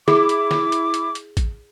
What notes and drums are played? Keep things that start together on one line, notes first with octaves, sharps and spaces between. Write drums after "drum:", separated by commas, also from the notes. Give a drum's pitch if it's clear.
E4 G#4 D6, drum: snare
drum: hi-hat
drum: snare
drum: hi-hat
drum: hi-hat
drum: hi-hat
drum: kick, hi-hat